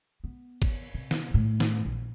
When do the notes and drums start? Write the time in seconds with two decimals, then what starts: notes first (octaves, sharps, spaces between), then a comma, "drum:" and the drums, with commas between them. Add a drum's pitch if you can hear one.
0.24 B3
0.62 drum: kick G#1, cymbal
0.94 C3
1.11 drum: snare
1.34 A2
1.60 drum: snare
1.85 A#1